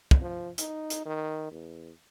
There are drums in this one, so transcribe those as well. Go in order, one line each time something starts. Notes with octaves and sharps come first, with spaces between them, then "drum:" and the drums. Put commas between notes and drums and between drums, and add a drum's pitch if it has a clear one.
drum: kick
F3
D#4, drum: hi-hat
drum: hi-hat
D#3
E2